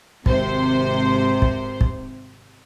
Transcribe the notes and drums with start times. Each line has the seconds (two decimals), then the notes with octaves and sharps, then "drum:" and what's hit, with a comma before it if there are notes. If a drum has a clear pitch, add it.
0.26 G#1 C3 C5, drum: kick
1.42 drum: kick
1.81 drum: kick